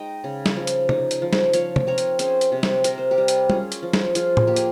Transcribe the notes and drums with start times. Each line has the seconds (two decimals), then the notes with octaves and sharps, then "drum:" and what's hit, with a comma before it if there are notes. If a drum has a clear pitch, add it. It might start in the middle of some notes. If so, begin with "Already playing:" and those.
Already playing: G#3 D#4 D#5 G5
0.24 C#3
0.46 drum: snare G3
0.56 F3
0.67 drum: hi-hat
0.89 D#4, drum: tom
1.11 drum: hi-hat
1.22 F3
1.33 drum: snare G3
1.53 F3 C#5 F5, drum: hi-hat
1.76 drum: tom C3
1.87 C4 A#4 C#5
1.98 drum: hi-hat
2.19 C#4 G#4 C5, drum: hi-hat
2.41 drum: hi-hat
2.52 C3
2.63 drum: snare G3
2.84 C3 A#4, drum: hi-hat
2.98 C5
3.11 G4 A#4
3.18 G3
3.28 drum: hi-hat
3.50 C#4 F4 G#4, drum: tom
3.72 drum: hi-hat
3.83 F3
3.93 drum: snare G3
4.15 F3 F4 G#4, drum: hi-hat
4.37 drum: tom A2
4.47 A#3 G4
4.56 G#4, drum: hi-hat